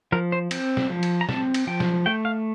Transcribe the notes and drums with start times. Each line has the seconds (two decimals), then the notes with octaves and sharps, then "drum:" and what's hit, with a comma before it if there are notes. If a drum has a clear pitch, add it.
0.12 F3 A#4
0.32 C5
0.51 C4, drum: cymbal
0.77 drum: snare
0.90 F3
1.03 drum: cymbal
1.21 A#5
1.29 C4 A5, drum: snare
1.54 drum: cymbal
1.67 F3 G5
1.80 drum: snare
2.06 A3 G5
2.25 F5